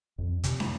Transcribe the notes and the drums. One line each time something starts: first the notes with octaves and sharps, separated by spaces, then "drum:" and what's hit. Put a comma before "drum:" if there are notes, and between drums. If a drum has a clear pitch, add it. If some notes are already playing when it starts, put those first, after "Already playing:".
F2
C3, drum: hi-hat
drum: snare